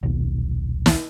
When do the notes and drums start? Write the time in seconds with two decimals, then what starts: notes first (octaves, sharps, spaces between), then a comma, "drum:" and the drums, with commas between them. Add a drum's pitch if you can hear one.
0.03 D#1 B1
0.86 drum: snare